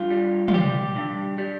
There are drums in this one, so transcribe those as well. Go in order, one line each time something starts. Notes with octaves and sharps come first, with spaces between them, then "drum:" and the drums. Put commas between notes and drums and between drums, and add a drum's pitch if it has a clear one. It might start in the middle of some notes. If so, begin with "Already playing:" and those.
Already playing: G2 F4
G3
F4, drum: tom
G3 G4
G2
G3